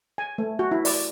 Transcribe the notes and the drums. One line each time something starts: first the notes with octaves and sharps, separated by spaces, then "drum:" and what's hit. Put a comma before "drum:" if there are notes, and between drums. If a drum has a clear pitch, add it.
G#5
A3
F#4
E4
D5, drum: open hi-hat